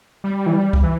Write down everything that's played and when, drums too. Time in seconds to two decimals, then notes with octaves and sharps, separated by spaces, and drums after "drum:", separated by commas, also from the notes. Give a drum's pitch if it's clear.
0.24 G3
0.46 E3
0.53 G3
0.73 drum: kick C2
0.83 E3